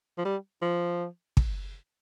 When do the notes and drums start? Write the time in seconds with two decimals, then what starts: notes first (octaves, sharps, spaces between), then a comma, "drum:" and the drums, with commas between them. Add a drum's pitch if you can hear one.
0.18 F3
0.25 G3
0.62 F3
1.37 drum: kick